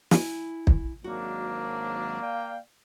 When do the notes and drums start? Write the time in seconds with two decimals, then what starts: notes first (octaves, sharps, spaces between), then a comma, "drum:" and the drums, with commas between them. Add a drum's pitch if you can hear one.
0.11 E4 G#5, drum: snare
0.67 drum: kick
1.04 G#1 F#3 A#3 D4 F#4
2.22 D5 F5 G5